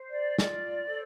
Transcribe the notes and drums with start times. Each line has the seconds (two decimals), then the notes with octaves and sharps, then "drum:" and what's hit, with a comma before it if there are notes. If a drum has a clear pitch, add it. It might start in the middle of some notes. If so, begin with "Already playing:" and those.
Already playing: C5
0.08 D5
0.39 F4 D5, drum: snare
0.86 A4 C5